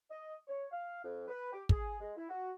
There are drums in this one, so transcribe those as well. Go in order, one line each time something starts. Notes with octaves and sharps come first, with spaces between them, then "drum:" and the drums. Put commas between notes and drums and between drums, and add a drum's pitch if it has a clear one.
D#5
C#5
F5
F2
B4
G4
G#4, drum: kick
G#3
E4
F#4